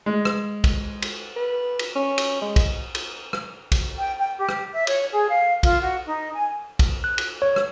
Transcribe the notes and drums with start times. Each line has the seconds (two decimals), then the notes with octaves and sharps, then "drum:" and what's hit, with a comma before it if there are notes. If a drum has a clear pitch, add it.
0.06 G#3
0.25 drum: rim click
0.64 drum: kick, cymbal
1.02 drum: cymbal
1.36 B4
1.79 drum: cymbal
1.95 C#4
2.18 drum: cymbal
2.41 G#3
2.56 drum: kick, cymbal
2.95 drum: cymbal
3.33 drum: rim click
3.72 drum: kick, cymbal
3.97 G5
4.18 G5
4.36 G4
4.49 drum: rim click
4.72 E5
4.87 C#5, drum: cymbal
5.12 G#4
5.29 F5
5.63 F4, drum: kick, cymbal
5.80 F#4
6.06 D#4
6.36 G#5
6.79 drum: kick, cymbal
7.04 F#6
7.18 drum: cymbal
7.42 C#5
7.56 drum: rim click